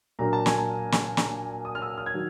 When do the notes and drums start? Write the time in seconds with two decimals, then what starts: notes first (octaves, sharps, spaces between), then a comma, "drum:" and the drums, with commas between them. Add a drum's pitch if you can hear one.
0.19 A#2 F#3 A#3 D4 A#5
0.33 A5
0.46 G#5, drum: snare
0.58 A5
0.92 drum: snare
1.17 A#5, drum: snare
1.65 D#6
1.75 F6
1.82 E6
1.97 F6
2.06 G#6
2.14 D#3 F#3